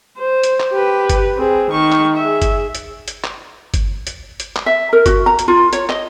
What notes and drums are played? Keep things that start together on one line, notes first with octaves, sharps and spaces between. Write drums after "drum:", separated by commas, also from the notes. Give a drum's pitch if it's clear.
C5
drum: hi-hat
drum: clap
G4 B4
drum: kick G1, hi-hat
C4 G#4
D#3 C#6
drum: clap
G#4 E5
drum: kick G1, hi-hat
drum: hi-hat
drum: hi-hat
drum: clap
drum: kick G1, hi-hat
drum: hi-hat
drum: hi-hat
drum: clap
E5
A#4
F#4, drum: kick G1, hi-hat
A#5
drum: hi-hat
F4
C#5, drum: hi-hat
D#5, drum: clap